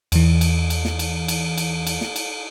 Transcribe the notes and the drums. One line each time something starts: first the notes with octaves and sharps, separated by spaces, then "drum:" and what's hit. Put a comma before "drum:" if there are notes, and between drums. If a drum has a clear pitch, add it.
E2 E3, drum: cymbal
drum: cymbal
drum: cymbal
drum: snare
drum: cymbal
drum: cymbal
drum: cymbal
drum: cymbal
drum: snare
drum: cymbal